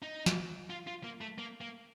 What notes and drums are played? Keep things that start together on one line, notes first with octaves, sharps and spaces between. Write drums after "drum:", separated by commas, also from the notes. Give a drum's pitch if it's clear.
D#4
drum: snare
F4
F4
A#3
A3
A#3
A#3